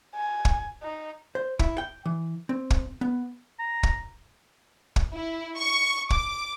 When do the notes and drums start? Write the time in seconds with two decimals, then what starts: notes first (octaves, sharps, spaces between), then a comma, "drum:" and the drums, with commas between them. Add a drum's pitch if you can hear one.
0.15 G#5
0.45 drum: kick
0.82 D#4
1.35 C5
1.59 E4, drum: kick
1.78 G5
2.06 E3
2.49 C4
2.70 drum: kick
3.01 B3
3.59 A#5
3.83 drum: kick
4.96 drum: kick
5.13 E4
5.57 C#6
6.10 D6, drum: kick